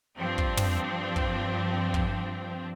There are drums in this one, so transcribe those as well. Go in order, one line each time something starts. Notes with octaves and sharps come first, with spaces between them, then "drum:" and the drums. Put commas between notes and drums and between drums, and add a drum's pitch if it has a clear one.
G2 F3 C4 D4
drum: kick
drum: tom
drum: kick
drum: kick